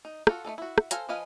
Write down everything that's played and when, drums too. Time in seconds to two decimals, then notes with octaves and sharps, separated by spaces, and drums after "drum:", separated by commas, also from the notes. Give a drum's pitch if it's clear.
0.05 D#4
0.27 F4 F#4 A4, drum: rim click
0.45 A3 C4 D#4 A4
0.58 E4 F#4
0.78 drum: rim click
0.91 A4 C5 F5 G#5 A#5, drum: hi-hat
1.09 F3 B4 D#5 F5 G#5